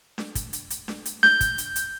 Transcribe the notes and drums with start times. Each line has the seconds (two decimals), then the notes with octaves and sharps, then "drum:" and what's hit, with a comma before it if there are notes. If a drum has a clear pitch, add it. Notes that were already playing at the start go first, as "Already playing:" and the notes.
0.18 drum: snare D4
0.35 drum: kick, hi-hat
0.53 drum: hi-hat
0.70 drum: hi-hat
0.88 drum: snare D4
1.05 drum: hi-hat
1.23 G6, drum: snare D4
1.41 drum: kick, hi-hat
1.58 drum: hi-hat
1.76 drum: hi-hat